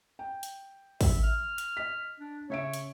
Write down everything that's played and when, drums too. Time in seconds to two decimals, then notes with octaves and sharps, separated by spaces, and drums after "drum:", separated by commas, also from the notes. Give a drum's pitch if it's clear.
0.19 G5
0.43 drum: hi-hat
1.01 E5, drum: kick, open hi-hat
1.23 F6
1.58 drum: hi-hat
1.77 D#5 B6
2.20 D4
2.50 C#3 C#5 E5 D7
2.73 drum: hi-hat